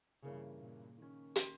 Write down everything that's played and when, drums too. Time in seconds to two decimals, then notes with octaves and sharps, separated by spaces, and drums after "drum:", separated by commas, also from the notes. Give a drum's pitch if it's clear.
0.22 G2 C#3 E3 A#3 C#4
0.60 A#2
0.98 D#3 A#3 C#4
1.36 drum: hi-hat